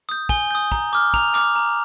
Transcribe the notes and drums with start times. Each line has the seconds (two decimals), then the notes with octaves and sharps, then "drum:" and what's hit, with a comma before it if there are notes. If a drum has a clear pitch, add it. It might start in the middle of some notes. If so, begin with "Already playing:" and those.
0.09 D#6 G6
0.29 G#5 G7, drum: kick
0.51 D#6 G6
0.72 A#5, drum: kick
0.93 D6 F6
1.14 A#5 F7, drum: kick
1.35 D6 F6, drum: clap
1.56 A#5